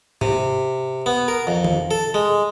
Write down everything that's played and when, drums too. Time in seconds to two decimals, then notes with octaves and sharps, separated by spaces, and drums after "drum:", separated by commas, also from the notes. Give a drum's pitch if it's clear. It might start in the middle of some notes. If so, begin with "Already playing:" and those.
0.21 C3, drum: tom G#2
1.06 B3
1.28 A#4
1.47 F2
1.65 drum: tom D#3
1.91 A4
2.14 G#3